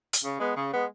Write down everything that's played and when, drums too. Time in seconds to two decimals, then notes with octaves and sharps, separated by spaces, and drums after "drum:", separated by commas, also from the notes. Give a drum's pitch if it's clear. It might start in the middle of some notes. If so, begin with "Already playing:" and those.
0.13 drum: hi-hat
0.24 C#3
0.40 G#3 B3
0.56 C#3
0.72 G#3 B3